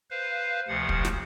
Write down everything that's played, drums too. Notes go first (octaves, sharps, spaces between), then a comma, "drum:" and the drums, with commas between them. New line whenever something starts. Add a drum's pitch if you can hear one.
B4 C5 F5
D2 C3 F3 F#5
drum: kick
drum: snare